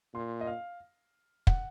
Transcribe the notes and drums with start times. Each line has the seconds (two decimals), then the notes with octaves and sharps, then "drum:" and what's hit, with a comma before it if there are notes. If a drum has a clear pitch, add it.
0.14 A#2 C6
0.41 D#5
0.47 F5
1.47 F#5, drum: kick